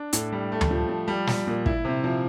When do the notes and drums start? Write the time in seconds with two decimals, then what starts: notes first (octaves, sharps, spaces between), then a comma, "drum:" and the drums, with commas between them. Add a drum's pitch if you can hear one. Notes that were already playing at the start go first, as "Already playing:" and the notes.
Already playing: D4
0.13 A2, drum: hi-hat
0.32 G3
0.52 A3
0.61 drum: tom D2
0.71 F3
0.89 F3
1.08 G3
1.27 G3, drum: snare
1.47 A#2
1.66 E4, drum: kick
1.85 C3
2.04 F3